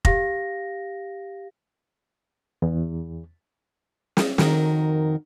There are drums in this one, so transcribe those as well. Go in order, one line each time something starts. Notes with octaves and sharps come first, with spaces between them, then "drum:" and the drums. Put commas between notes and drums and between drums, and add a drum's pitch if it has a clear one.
G4 F5 A#6, drum: kick F1
E2
drum: snare
F2 D#3 F#4 A#4, drum: snare